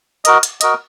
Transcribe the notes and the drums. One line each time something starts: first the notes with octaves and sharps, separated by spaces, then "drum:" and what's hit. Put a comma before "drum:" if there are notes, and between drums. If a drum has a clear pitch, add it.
F#4 A#4 D#5, drum: hi-hat
drum: hi-hat
F#4 A#4 D#5, drum: hi-hat